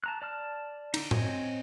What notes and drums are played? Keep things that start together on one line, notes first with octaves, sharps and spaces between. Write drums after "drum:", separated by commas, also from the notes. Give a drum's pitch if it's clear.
A5 A#5 F#6
D5 A5 F6
D3 D#4, drum: cymbal
C4 C5 C#5 D#5 G#5, drum: tom A2